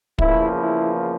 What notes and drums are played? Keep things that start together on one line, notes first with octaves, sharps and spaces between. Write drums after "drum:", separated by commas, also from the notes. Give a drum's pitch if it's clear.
E2 C#3 F3 A#3 E4, drum: kick
E4